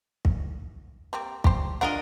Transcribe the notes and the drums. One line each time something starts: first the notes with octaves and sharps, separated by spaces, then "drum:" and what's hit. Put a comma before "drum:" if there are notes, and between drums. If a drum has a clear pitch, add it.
drum: kick
G3 A#3 C4
G4 C5, drum: kick
D4 F4 G#4 A#4 D#5 F#5